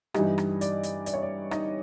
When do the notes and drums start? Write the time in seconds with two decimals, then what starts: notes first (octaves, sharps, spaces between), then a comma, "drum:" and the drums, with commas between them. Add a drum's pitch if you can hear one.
0.14 G2 E3 G3 D#4 D#5, drum: rim click
0.38 drum: rim click
0.61 D5, drum: hi-hat
0.83 drum: hi-hat
1.06 D5, drum: hi-hat
1.14 C#5
1.22 D5
1.51 D#4 D#5, drum: rim click